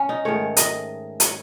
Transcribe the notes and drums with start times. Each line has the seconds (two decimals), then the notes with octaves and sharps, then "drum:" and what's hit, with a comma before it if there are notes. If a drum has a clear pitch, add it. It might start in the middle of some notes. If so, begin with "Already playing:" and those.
Already playing: C#4
0.09 D#4
0.25 G#2 D#3 A3 C#5
0.57 D#5, drum: hi-hat
1.20 C#5, drum: hi-hat